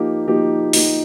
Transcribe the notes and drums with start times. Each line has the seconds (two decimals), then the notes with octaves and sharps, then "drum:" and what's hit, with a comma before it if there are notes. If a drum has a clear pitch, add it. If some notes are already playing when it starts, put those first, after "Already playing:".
Already playing: F3 A#3 D#4 G4
0.28 F3 A#3 D#4 G4
0.73 F3 A#3 D#4, drum: open hi-hat